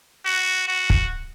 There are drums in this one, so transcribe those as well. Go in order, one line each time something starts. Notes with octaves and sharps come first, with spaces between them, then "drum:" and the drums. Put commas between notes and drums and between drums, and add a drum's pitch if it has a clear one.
F#4
F#4
drum: kick